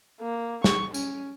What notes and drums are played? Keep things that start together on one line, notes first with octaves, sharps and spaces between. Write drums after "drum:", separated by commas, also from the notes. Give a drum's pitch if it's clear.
A#3
C#6, drum: snare
C#4, drum: tambourine